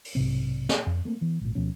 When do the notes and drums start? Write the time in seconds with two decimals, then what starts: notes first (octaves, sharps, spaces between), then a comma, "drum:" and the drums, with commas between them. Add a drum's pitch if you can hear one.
0.05 drum: open hi-hat
0.15 B1 G#2 C3 C4
0.69 drum: snare
0.87 F2
1.05 A3 A#3 C4
1.21 E3 B3
1.41 G#1 A#2
1.55 D2 B2 F3 C#4